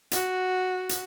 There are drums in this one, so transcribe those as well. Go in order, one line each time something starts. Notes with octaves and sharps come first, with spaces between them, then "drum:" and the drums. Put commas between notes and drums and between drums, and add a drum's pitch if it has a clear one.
F#4, drum: hi-hat
drum: hi-hat